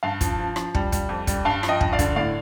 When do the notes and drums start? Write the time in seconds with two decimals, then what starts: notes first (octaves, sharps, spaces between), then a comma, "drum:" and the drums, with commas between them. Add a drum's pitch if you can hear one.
0.03 G2 F5 A5
0.21 F3, drum: kick, hi-hat
0.38 F3
0.56 F3, drum: rim click
0.75 G3, drum: kick
0.92 G3, drum: kick, hi-hat
1.09 F2
1.27 G3, drum: kick, hi-hat
1.45 G2 F5 A5
1.63 F3, drum: rim click
1.68 D#5 G5
1.81 G2, drum: kick
1.92 D5 F5
1.99 D3, drum: kick, hi-hat
2.16 A2 D5 F5